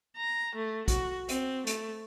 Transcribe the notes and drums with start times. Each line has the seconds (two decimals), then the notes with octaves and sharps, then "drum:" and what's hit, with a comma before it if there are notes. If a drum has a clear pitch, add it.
0.17 A#5
0.55 A3
0.88 F#4, drum: kick, hi-hat
1.29 C4, drum: hi-hat
1.67 A3, drum: hi-hat